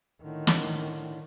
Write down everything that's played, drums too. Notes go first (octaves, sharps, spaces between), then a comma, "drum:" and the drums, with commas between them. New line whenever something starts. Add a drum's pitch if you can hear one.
A2 D3 D#3
drum: snare